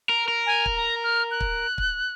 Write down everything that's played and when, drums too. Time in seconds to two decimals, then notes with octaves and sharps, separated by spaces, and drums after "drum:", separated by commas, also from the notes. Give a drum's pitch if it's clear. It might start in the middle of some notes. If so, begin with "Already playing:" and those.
0.09 A#4
0.28 A#4
0.46 G#5
0.66 drum: kick
0.75 A#5
1.03 F6
1.31 F#6
1.40 drum: kick
1.78 drum: kick